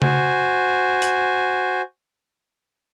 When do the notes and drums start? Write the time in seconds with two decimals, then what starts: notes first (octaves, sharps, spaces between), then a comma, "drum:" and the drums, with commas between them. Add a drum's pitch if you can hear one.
0.02 F#4 C5 G#5, drum: tom C#3
1.02 drum: hi-hat